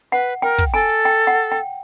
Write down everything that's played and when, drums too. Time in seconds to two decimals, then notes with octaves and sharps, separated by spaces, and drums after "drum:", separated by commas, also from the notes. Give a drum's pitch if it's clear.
0.12 B4 F#5, drum: hi-hat
0.42 A#4 G5
0.58 drum: kick, open hi-hat
0.74 A4 G#5
1.05 G5, drum: hi-hat
1.27 F#5
1.52 G5, drum: hi-hat